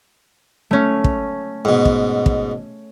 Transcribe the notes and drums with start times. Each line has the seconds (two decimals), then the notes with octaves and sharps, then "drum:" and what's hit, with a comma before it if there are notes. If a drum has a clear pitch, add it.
0.71 A3 C#4
1.04 drum: kick
1.65 G#2 B2
1.85 drum: kick
2.26 drum: kick